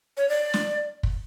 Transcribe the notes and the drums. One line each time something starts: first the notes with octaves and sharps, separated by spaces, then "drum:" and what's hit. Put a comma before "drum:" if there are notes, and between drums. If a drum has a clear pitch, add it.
C#5
D5
drum: snare
drum: kick